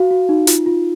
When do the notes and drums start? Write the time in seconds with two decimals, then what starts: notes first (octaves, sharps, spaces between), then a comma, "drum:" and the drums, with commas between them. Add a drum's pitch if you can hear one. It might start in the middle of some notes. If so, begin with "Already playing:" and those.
Already playing: F#4 F5
0.11 F#4
0.29 D#4
0.47 F4, drum: hi-hat
0.66 F4